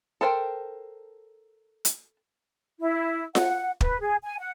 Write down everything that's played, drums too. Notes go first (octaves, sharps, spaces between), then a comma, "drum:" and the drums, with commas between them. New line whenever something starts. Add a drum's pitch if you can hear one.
A4 A#4 C5 G5
drum: hi-hat
E4
F#5, drum: snare F4
B4, drum: kick
G#4
G#5
F#5